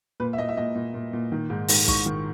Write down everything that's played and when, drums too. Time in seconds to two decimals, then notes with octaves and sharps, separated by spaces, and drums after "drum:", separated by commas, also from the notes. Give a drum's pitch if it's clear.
0.20 A#2 B4
0.33 E5
0.38 A#2 D#5
0.49 E5
0.57 A#2 D#5
0.75 A#2
0.94 A#2
1.13 A#2
1.32 D#3
1.50 G#2
1.68 G#2, drum: open hi-hat
1.88 G#2 C#6, drum: kick
2.06 D#3